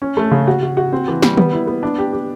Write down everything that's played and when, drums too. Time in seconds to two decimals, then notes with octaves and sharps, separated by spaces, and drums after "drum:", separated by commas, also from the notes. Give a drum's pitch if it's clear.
0.02 C#4
0.17 A3
0.31 C#3
0.47 F#4
0.62 F#4
0.77 F#4
0.93 C4
1.08 E3
1.22 G3, drum: snare
1.37 B3, drum: tom D#3
1.53 E4
1.67 B3
1.83 D4
1.98 G4
2.13 G4